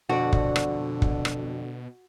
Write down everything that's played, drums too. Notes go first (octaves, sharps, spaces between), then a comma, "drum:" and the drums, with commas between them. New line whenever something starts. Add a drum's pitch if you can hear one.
F2 B2 D3 F#4 D5
drum: kick
drum: rim click
drum: kick
drum: rim click